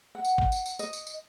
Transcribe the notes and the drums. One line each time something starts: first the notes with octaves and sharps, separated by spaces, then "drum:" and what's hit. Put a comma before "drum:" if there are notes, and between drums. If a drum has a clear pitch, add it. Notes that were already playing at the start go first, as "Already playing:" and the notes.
F#5
drum: tambourine
drum: kick G1
drum: tambourine
drum: tambourine
D#5, drum: tambourine
drum: tambourine
drum: tambourine